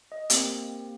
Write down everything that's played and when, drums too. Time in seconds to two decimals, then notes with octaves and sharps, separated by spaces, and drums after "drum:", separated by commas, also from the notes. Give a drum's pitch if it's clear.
0.12 D#5
0.30 A#3 C4 G4, drum: hi-hat